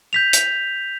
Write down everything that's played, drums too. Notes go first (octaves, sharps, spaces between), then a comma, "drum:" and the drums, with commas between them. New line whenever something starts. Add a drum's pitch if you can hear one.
G6 B6 F7
drum: hi-hat